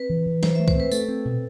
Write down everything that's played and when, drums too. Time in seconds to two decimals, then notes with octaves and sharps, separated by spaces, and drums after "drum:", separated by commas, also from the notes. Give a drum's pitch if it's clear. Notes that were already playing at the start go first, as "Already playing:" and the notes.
Already playing: C4 B4
0.09 E3
0.26 E3
0.43 E3 C5, drum: snare
0.55 E5
0.59 A3
0.68 C5, drum: kick C2
0.75 C4 B4
0.91 A3 A4, drum: tambourine
1.08 C4
1.25 B2